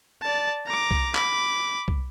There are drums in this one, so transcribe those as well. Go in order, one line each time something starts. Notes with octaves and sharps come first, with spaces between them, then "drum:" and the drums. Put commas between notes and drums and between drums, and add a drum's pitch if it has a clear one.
D5 A5
A#5 D6
drum: kick C2
B5 D6, drum: clap
drum: kick C2